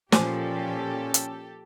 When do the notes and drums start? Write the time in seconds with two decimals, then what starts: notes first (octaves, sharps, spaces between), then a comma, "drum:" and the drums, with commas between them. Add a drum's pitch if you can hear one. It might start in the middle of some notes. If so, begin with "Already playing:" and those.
0.12 A#2 F3 C#4 G4 A4 C5 G#5 D6, drum: snare
1.14 drum: hi-hat